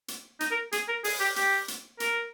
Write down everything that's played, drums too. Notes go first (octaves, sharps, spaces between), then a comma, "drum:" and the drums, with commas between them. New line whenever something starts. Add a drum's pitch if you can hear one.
drum: hi-hat
D#4, drum: hi-hat
A#4
G#4, drum: hi-hat
A#4
G#4, drum: open hi-hat
G4
G4, drum: hi-hat
drum: hi-hat
A#4, drum: hi-hat